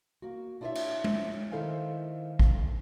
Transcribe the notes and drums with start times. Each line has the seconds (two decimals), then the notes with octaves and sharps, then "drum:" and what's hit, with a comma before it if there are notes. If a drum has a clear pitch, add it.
0.22 A#3 F#4
0.61 D4 E4 F4 C5 C#5 E5
0.75 drum: cymbal
1.04 drum: tom G#3
1.52 D#3 E4 A4 C5 F5 G#5
2.39 drum: kick